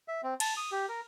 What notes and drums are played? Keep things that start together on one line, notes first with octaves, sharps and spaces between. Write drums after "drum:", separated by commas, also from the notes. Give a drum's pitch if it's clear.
E5
C4
A5, drum: cymbal
D#6
G4
A#4